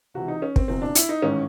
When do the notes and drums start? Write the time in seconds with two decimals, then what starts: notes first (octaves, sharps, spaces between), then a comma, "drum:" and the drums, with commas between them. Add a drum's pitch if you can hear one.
0.14 C#2 C3 E3 F#4
0.28 D#4
0.42 C#4
0.56 C4, drum: kick
0.68 F#1 E2 B2 C4
0.82 D4
0.95 E4, drum: hi-hat
1.09 D#4
1.22 A1 G#2 D#3 C#4